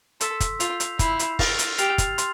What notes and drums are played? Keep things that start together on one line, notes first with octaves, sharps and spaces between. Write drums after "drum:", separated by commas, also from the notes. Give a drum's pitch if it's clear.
A4 C6 E6 B6, drum: hi-hat
drum: kick, hi-hat
F4 G6 C7 F7, drum: hi-hat
drum: hi-hat
E4 G6 C7 F7, drum: kick, hi-hat
drum: hi-hat
F6 A6 C7 F7, drum: kick, open hi-hat
drum: hi-hat
G4 F6 A6 C7 F7, drum: hi-hat
drum: kick, hi-hat
C6, drum: hi-hat